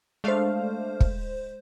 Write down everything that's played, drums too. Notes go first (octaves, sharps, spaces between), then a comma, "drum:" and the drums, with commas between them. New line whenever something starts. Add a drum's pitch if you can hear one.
G#3 A3 D4 C5 F5
drum: kick